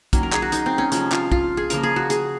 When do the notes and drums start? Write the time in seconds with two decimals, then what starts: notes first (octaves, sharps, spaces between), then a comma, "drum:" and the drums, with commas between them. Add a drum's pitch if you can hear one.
0.13 D#3 F#3 A#3 C#4, drum: kick, hi-hat
0.23 A#4
0.33 G#4, drum: clap
0.42 F#4
0.52 D#4, drum: hi-hat
0.66 C4
0.78 C#4
0.92 C3 F3 G#3 C#4, drum: hi-hat
1.12 F4, drum: clap
1.32 F4, drum: kick
1.57 G#4
1.70 C#3 F3 A#3 A#4, drum: hi-hat
1.83 G#4
1.96 F#4
2.10 G#4, drum: hi-hat